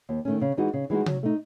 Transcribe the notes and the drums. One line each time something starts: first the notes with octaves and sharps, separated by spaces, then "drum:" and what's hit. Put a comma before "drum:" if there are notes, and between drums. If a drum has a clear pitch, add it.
D#2
D#3 A3 C#4
C#3
E3 G#3 D#4 F#4
C#3
E3 G#3 D#4 F#4
F#3, drum: tom C3
A3 D#4